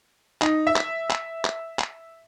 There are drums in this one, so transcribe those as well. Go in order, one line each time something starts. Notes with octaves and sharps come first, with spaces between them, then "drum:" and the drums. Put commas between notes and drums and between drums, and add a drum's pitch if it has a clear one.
D#4, drum: clap
E5
drum: clap
drum: clap
drum: clap
drum: clap